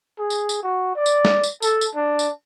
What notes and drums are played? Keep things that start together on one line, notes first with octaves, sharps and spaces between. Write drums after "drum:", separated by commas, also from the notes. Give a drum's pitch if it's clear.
G#4
drum: tambourine
drum: tambourine
F#4
D5
drum: tambourine
drum: snare
drum: tambourine
A4, drum: tambourine
drum: tambourine
D4
drum: tambourine